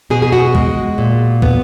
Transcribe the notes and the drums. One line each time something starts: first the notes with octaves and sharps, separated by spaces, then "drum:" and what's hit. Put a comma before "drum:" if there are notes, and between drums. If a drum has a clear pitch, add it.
B2 G#4
G#4
F#4
G#3, drum: kick
A#2
B3, drum: kick